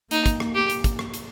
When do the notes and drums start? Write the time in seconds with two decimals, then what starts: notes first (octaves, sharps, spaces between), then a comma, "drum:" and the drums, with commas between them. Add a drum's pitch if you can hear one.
0.11 A#3 D#4, drum: hi-hat
0.26 drum: kick, hi-hat
0.40 drum: rim click
0.55 A#3 G4
0.70 drum: hi-hat
0.84 drum: kick, hi-hat
0.99 drum: rim click
1.14 drum: hi-hat